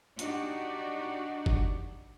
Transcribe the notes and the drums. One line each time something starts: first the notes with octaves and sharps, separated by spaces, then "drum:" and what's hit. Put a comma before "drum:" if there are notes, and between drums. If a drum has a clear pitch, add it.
D4 D#4 F#4 G4 D5, drum: hi-hat
drum: kick F#1